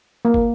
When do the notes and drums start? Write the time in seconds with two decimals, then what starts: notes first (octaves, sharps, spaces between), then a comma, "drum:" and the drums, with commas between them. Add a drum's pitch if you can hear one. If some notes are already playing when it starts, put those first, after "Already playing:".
0.25 A#3
0.34 drum: kick